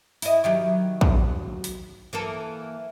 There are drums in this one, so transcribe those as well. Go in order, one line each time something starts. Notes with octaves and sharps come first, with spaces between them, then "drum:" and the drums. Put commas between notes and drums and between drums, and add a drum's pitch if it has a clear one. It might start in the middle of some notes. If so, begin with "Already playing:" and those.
E4 D#5, drum: open hi-hat
D#3 F#3 G4
drum: kick
drum: open hi-hat
E3 A#3 A4